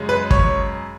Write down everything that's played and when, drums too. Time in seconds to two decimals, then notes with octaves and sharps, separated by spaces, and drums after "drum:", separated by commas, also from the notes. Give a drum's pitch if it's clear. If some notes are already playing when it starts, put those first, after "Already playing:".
Already playing: F#2 C#3 G#3
0.09 B4
0.31 C#5, drum: kick